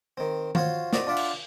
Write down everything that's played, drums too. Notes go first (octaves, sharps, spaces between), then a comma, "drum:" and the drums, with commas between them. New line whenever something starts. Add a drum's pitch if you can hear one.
D#3 C4
F4 F#4 C5 C#5 F5, drum: tom D#3
C4 F#4 D5 D#5, drum: snare
D4 F4 D5 E5 F#5
drum: cymbal